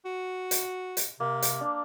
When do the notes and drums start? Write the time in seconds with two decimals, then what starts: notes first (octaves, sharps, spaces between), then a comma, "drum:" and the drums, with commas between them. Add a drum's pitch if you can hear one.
0.05 F#4
0.51 drum: hi-hat
0.97 drum: hi-hat
1.20 C3 A#3
1.42 drum: hi-hat
1.61 D4